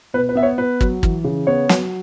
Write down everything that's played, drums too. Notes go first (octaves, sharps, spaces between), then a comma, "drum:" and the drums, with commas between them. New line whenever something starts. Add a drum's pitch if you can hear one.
B2 B4
B4
B3 E5
C#5
B3 B4
F#3, drum: kick
E3, drum: kick
C#3
B3 C#5
F#3, drum: snare